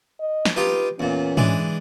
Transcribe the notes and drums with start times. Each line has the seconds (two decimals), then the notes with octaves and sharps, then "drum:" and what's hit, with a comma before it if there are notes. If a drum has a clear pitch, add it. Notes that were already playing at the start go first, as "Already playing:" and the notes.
0.20 D#5
0.45 drum: snare
0.56 D#4 F4 G4 B4
1.00 E2 A#2 C#4
1.37 E3 G#3 D4, drum: tom G#2